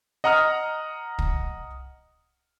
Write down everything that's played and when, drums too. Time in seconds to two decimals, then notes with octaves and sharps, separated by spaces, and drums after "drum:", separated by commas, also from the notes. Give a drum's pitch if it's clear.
0.24 D#5 F#5 A#5 D#6 F6
1.19 drum: kick